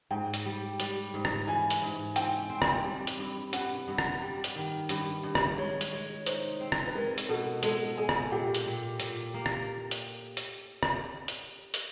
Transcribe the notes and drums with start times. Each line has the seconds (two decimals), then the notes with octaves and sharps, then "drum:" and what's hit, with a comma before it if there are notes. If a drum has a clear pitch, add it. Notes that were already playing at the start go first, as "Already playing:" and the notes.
0.11 G#2 G5
0.34 drum: hi-hat
0.46 G3
0.80 G3, drum: hi-hat
1.14 G#2
1.25 drum: rim click
1.47 E3 G#5
1.70 drum: hi-hat
1.82 G#2
2.16 C4 G5, drum: hi-hat
2.50 C4
2.62 drum: rim click
2.85 G3
3.07 drum: hi-hat
3.19 G2
3.53 G2 F#5, drum: hi-hat
3.88 G2
3.98 drum: rim click
4.22 G3
4.44 drum: hi-hat
4.56 D#3
4.89 G2, drum: hi-hat
5.23 G2
5.35 drum: rim click
5.58 G#3 C#5
5.81 drum: hi-hat
5.93 G#3
6.26 D#4 C5, drum: hi-hat
6.60 C4
6.72 drum: rim click
6.86 B4
6.95 G#3 A#4
7.18 drum: hi-hat
7.29 B2 A4
7.63 G#3 A4, drum: hi-hat
7.98 G#3 G#4
8.09 drum: rim click
8.32 A#2 G4
8.55 drum: hi-hat
8.66 A#2
9.00 A#2, drum: hi-hat
9.34 A#3
9.46 drum: rim click
9.91 drum: hi-hat
10.37 drum: hi-hat
10.83 drum: rim click
11.28 drum: hi-hat
11.74 drum: hi-hat